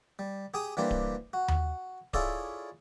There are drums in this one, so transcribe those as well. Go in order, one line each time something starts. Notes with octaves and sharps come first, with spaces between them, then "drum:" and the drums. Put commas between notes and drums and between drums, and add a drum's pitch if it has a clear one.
G3
G4 G#4 G5 D#6
E3 G3 A#3 D4 G4 C5
drum: kick D1
F#4
drum: tom D#2
E4 F4 G#4 A4 C#5 D5, drum: kick D1